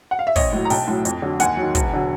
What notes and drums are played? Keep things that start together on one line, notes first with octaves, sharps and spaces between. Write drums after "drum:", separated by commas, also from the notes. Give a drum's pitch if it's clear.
F#5
F5
E5
A#1 C#5 D#5, drum: kick, open hi-hat
A2 F#3
A#5
B1 G5 A5, drum: open hi-hat
A2 F#3
F2, drum: hi-hat
D3 F#3
D#2 F#5 G#5, drum: hi-hat
D#3 F#3
E1, drum: kick, hi-hat
D3 F#3